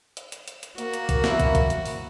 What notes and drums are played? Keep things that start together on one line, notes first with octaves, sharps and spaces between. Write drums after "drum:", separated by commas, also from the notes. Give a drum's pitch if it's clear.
drum: hi-hat
drum: hi-hat
drum: hi-hat
drum: hi-hat
A#3 F#4, drum: hi-hat
drum: hi-hat
drum: kick, hi-hat
E4, drum: snare
drum: kick, hi-hat
drum: kick, hi-hat
drum: hi-hat
drum: open hi-hat